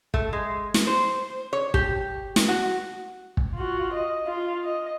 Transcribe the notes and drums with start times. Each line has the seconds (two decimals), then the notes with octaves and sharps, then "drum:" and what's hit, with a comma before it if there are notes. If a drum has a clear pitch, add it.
0.14 A3, drum: kick
0.33 G#3
0.74 drum: snare
0.87 C5
1.53 C#5
1.74 G4, drum: kick
2.36 drum: snare
2.48 F#4
3.37 drum: kick
3.55 F4 F#4
3.94 D#5
4.26 F4
4.64 D#5